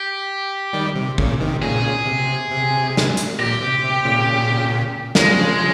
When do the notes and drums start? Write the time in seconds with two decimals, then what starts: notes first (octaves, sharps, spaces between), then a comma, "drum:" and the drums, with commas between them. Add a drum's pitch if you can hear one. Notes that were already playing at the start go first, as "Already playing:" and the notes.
Already playing: G4
0.73 D#3 G3
0.95 C3
1.18 A#2 C#3, drum: kick
1.40 C3 D#3
1.62 A#2 C#3 G#4
2.06 C3
2.51 C3
2.97 drum: snare
3.17 drum: hi-hat
3.39 A#2 G4
3.61 C3
3.83 C3
4.05 A#2 C#3
5.15 C#3 F3 G#3, drum: snare